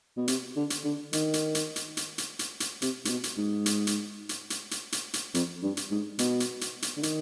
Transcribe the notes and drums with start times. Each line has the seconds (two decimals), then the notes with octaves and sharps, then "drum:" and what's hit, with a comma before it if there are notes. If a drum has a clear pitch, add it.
0.17 B2
0.28 C3, drum: hi-hat
0.56 D3
0.70 drum: hi-hat
0.84 D3
1.13 D#3, drum: hi-hat
1.34 drum: hi-hat
1.55 drum: hi-hat
1.76 drum: hi-hat
1.97 drum: hi-hat
2.18 drum: hi-hat
2.39 drum: hi-hat
2.60 drum: hi-hat
2.82 C3, drum: hi-hat
3.05 G#2, drum: hi-hat
3.09 B2
3.24 drum: hi-hat
3.37 G#2
3.66 drum: hi-hat
3.87 drum: hi-hat
4.29 drum: hi-hat
4.50 drum: hi-hat
4.71 drum: hi-hat
4.92 drum: hi-hat
5.14 drum: hi-hat
5.34 F2, drum: hi-hat
5.63 G2
5.77 drum: hi-hat
5.91 G#2
6.19 B2, drum: hi-hat
6.40 drum: hi-hat
6.61 drum: hi-hat
6.82 drum: hi-hat
6.97 D3
7.03 D#3, drum: hi-hat